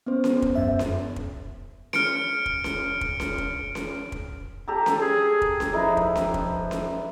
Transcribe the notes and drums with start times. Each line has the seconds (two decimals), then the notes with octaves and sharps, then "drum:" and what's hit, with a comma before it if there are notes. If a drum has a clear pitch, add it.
0.06 B3 C#4 C5
0.24 drum: snare C#4
0.42 drum: kick
0.55 F#2 E5
0.79 drum: snare C#4
1.16 drum: kick
1.93 F6 C#7 D7, drum: snare C#4
2.46 drum: kick
2.64 drum: snare C#4
3.01 drum: kick
3.20 drum: snare C#4
3.38 drum: kick
3.75 drum: snare C#4
4.12 drum: kick
4.68 G4 A4 A#5
4.86 drum: snare C#4
5.01 G#4
5.42 drum: kick
5.60 drum: snare C#4
5.73 F3 D#4 E4 B4
5.97 drum: kick
6.16 drum: snare C#4
6.34 drum: kick
6.71 drum: snare C#4